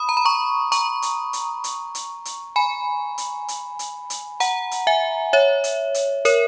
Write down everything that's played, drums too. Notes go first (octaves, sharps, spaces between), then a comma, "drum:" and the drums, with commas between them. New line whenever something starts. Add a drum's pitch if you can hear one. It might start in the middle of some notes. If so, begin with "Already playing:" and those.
Already playing: B5 D#6
A#5
B5
A#5 C#6
A#5 C#6, drum: hi-hat
drum: hi-hat
drum: hi-hat
drum: hi-hat
drum: hi-hat
drum: hi-hat
G#5 B5
drum: hi-hat
drum: hi-hat
drum: hi-hat
drum: hi-hat
F#5 A#5, drum: hi-hat
drum: hi-hat
E5 G#5
C#5 E5
drum: hi-hat
drum: hi-hat
A#4 C#5, drum: hi-hat